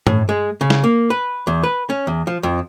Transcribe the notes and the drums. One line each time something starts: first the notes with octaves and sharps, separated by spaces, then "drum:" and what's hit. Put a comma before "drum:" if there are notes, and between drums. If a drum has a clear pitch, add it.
A2, drum: tom G2
G#3
C#3
drum: snare
A#3
B4
E2
B4
C#4
E2
F3
F2